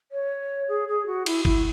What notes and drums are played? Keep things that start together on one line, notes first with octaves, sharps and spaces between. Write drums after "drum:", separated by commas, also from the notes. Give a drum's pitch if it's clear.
C#5
G#4
G#4
F#4
E4, drum: cymbal
E4, drum: kick G1